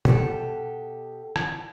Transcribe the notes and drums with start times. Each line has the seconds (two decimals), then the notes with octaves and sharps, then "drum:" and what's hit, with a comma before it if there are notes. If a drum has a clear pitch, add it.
0.05 B2 G3 G4 A4, drum: tom
1.36 drum: rim click